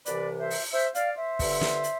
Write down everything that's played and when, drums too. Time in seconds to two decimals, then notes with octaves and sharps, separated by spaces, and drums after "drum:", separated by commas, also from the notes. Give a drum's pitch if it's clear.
0.06 C2 C3 E3 B4 D5, drum: hi-hat
0.40 C5 E5
0.50 drum: open hi-hat
0.72 C5 E5
0.95 D5 F5, drum: hi-hat
1.17 C5 E5
1.39 G2 D3, drum: kick, open hi-hat
1.61 drum: snare
1.83 drum: hi-hat